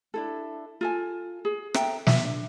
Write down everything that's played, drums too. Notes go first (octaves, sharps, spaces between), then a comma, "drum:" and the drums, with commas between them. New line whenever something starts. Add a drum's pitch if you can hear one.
D4 E4 A4
F4 A4 G#5
G#4
A4 E5 G5 A#5, drum: rim click
E5, drum: snare
D4